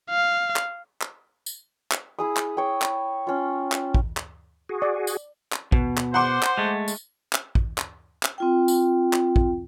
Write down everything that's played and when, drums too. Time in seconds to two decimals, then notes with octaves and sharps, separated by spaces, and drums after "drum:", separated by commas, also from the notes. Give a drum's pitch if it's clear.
0.10 F5
0.56 drum: clap
1.01 drum: clap
1.46 drum: tambourine
1.92 drum: clap
2.19 E4 G#4 D#6
2.37 drum: clap
2.57 C#5 G5
2.82 drum: clap
3.27 C#4 F4
3.72 drum: clap
3.94 drum: kick
4.17 drum: clap
4.69 F#4 G#4
4.82 D5
5.07 drum: tambourine
5.52 drum: clap
5.72 B2, drum: kick
5.97 drum: clap
6.14 C5 F#5 C6 D6
6.43 drum: clap
6.58 G#3 A3
6.88 drum: tambourine
7.33 drum: clap
7.55 drum: kick
7.78 drum: clap
8.23 drum: clap
8.38 C4 F4 G5
8.68 drum: tambourine
9.13 drum: clap
9.36 drum: kick